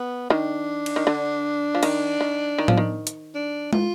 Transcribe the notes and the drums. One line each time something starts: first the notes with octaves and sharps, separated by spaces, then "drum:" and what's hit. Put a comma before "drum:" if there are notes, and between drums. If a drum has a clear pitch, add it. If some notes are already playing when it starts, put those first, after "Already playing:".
Already playing: B3
D#3 D4
drum: cymbal
D#3
D3
F3
D#3, drum: cymbal
D#3
D#3
F3, drum: tom A2
D#3
drum: hi-hat
D4
F4, drum: tom